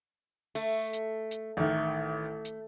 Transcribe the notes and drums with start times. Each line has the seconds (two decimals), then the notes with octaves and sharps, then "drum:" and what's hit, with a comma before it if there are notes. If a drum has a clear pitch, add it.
0.55 A3, drum: open hi-hat
0.93 drum: hi-hat
1.31 drum: hi-hat
1.57 A1 D#3 A3
2.45 drum: hi-hat